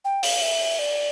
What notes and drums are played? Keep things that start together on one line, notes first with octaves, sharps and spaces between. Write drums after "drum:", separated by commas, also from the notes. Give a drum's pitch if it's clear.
G5
F5, drum: open hi-hat
E5
D5